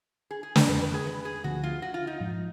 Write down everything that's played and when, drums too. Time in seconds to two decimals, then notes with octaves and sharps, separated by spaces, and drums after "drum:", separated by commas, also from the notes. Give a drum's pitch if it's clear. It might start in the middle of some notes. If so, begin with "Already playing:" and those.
0.31 G#4
0.43 G#4
0.56 A#4, drum: snare
0.68 F2 D#3 G#3 B4
0.81 B4
0.94 G#4
1.07 B4
1.25 G#4
1.44 D2 D3 F3 B3 F#4
1.63 F4
1.82 F#4
1.94 F4
2.07 D#4
2.20 G#2 F3 G#3